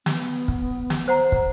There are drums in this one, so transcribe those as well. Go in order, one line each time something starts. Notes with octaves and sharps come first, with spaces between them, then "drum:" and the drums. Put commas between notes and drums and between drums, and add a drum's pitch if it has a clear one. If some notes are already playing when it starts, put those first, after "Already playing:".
B3, drum: snare
drum: kick
drum: snare
C5 F#5 A#5
drum: kick